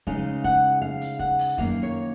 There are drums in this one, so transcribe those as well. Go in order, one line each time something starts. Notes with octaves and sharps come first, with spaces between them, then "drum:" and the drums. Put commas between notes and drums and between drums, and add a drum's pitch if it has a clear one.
C#3 G#3 D#4 F5, drum: kick
F#5, drum: kick
F5
drum: hi-hat
F#5, drum: kick
drum: open hi-hat
F#2 D#3 A#3 F5, drum: kick
C#5